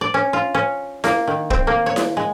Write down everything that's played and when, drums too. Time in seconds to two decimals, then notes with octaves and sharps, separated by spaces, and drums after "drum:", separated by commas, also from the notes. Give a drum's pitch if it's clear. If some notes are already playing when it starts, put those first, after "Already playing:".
0.01 D5
0.14 C#4
0.33 F4
0.55 C#4
1.04 A#3, drum: snare E4
1.27 D#3
1.50 C4, drum: kick
1.67 A#3
1.86 C#5
1.96 drum: snare E4
2.17 G#3